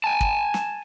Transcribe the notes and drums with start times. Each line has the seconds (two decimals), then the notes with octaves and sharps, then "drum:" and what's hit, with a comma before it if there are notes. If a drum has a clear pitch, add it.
0.04 G#5 A5
0.21 drum: kick
0.54 drum: snare